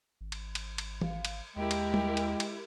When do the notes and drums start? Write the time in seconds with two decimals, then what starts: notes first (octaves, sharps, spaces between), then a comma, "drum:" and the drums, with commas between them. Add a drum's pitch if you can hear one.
0.21 G#1
0.32 drum: cymbal
0.55 drum: cymbal
0.78 drum: cymbal
1.01 F5, drum: tom E3
1.25 drum: cymbal
1.56 D#2 G#3 E4 G4 A#4 G5
1.71 drum: cymbal
1.94 drum: tom G3
2.17 drum: cymbal
2.40 drum: cymbal